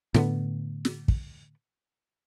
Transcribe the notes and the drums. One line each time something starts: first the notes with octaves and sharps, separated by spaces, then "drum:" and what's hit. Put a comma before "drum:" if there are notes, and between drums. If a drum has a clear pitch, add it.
A2 D3 B3, drum: snare
drum: snare
drum: kick